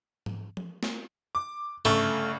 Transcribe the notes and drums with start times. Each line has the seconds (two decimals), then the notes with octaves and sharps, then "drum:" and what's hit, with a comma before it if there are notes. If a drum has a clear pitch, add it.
0.26 drum: tom G#2
0.57 drum: tom F3
0.83 drum: snare
1.35 D6
1.85 G1 C#3 A3 C#6, drum: tom G#2